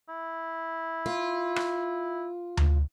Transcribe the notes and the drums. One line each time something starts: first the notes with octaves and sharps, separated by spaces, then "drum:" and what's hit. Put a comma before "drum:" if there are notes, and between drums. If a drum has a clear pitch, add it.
E4
F4
drum: rim click
drum: tom D2